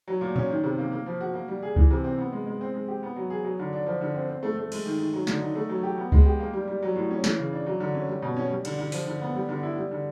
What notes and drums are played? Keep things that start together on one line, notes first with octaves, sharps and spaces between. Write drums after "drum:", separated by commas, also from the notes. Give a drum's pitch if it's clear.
F#3
A#2
C#4, drum: tom A2
D#3
C3
A#3
A#3
F3
F#4
A#3
G3
G#4
E3, drum: kick C#2
C3
C4
B3
G#3
G#3
C4
G#3
G4
B3
F#3
G#4
F#3
D3
D4
F3
D3
C4
C4
A3
A3
G#3, drum: cymbal
D#3
D#3
F#3
D3, drum: snare
D#4
A3
F#3
G4
B3
G#3, drum: kick C#2
G4
A#3
G3
G3
F#3
A2
C#4
E3, drum: snare
C#3
D4
F#3
D3
C#4
G3
B2
C#4
G3
D3, drum: cymbal
D3
F3, drum: open hi-hat
D3
B3
G3
D3
E4
G3
D3